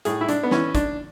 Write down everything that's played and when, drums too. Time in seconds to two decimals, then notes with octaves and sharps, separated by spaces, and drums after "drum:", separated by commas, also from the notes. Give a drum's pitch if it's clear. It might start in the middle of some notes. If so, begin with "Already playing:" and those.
0.05 A2 G#4, drum: hi-hat
0.21 E4
0.29 D4, drum: hi-hat
0.43 B3
0.51 E3 C#4, drum: snare
0.75 D4, drum: kick, hi-hat